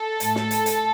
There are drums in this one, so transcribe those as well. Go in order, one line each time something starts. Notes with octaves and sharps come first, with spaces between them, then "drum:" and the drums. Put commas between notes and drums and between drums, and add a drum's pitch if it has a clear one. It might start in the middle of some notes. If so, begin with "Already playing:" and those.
Already playing: A4
A2 A3, drum: hi-hat
drum: snare
drum: hi-hat
drum: hi-hat